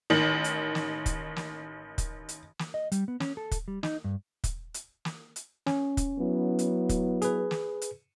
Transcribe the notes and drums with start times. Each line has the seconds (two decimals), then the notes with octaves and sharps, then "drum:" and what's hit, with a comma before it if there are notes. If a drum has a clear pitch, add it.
0.10 A1 D#3
0.44 drum: hi-hat
0.75 drum: snare
1.06 drum: kick, hi-hat
1.36 drum: snare
1.98 drum: kick, hi-hat
2.29 drum: hi-hat
2.59 drum: snare
2.74 D#5
2.92 G3, drum: hi-hat
3.08 B3
3.20 C#4, drum: snare
3.37 A4
3.51 drum: kick, hi-hat
3.68 G3
3.83 D#4, drum: snare
4.04 G2
4.44 drum: kick, hi-hat
4.74 drum: hi-hat
5.05 drum: snare
5.36 drum: hi-hat
5.66 C#4, drum: snare
5.97 drum: kick, hi-hat
6.19 F#3 B3 E4
6.59 drum: hi-hat
6.89 drum: kick, hi-hat
7.22 G#4 B4, drum: hi-hat
7.51 drum: snare
7.81 drum: hi-hat